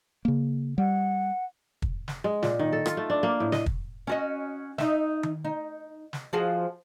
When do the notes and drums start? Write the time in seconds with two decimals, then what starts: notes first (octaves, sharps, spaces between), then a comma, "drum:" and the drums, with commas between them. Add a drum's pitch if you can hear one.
0.25 C#3 A#3
0.78 G3 F#5
1.82 drum: kick
2.08 drum: snare
2.24 G#3
2.43 A#2, drum: snare
2.59 D#3
2.73 A4
2.86 F4, drum: rim click
2.97 A3
3.10 D4
3.23 A#3
3.40 A2
3.52 D#5, drum: snare
3.66 drum: kick
4.07 C#4 F#4 D#5
4.78 D#4 E5, drum: snare
5.23 drum: tom D#3
5.45 D#4
6.13 drum: snare
6.33 F3 F#4 G#4